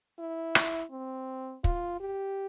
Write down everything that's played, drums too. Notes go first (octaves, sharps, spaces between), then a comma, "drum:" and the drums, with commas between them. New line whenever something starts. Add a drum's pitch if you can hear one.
E4
drum: rim click
C4
F4, drum: kick
G4